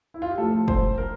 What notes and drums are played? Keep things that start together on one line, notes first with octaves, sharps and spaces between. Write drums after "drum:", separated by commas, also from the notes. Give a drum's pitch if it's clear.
E4
F4
G4
A2 F3 A4
C5, drum: kick
A#4